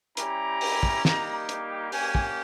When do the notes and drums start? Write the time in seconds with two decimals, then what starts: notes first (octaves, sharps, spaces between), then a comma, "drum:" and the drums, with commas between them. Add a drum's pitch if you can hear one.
0.17 G3 C#4 E4 G4 A#5, drum: hi-hat
0.61 drum: open hi-hat
0.83 drum: kick
1.05 G3 A#3 D#4 G4, drum: snare
1.49 drum: hi-hat
1.92 A#3 C#4 G4 G#5, drum: open hi-hat
2.15 drum: kick